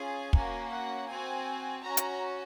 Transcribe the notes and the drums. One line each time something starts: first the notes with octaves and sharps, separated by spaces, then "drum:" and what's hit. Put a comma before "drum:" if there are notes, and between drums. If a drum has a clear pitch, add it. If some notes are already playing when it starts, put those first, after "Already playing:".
Already playing: C#4 F4 G#4 G#5
A#3 C#4 F#4, drum: kick
F#5
C4 F#4 G#5
C#4 F#4 A#5
drum: hi-hat